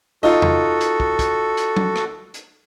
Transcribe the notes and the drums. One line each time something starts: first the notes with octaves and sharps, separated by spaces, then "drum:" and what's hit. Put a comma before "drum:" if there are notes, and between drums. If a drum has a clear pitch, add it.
D#4 F4 F#4 A4
drum: tom E2
drum: hi-hat
drum: kick
drum: kick, hi-hat
drum: hi-hat
drum: tom F#3
drum: rim click
drum: hi-hat